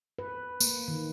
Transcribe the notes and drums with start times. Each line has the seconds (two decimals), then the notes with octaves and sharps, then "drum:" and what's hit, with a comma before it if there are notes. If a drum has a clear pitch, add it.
0.19 B4
0.60 A#3, drum: tambourine
0.88 D#3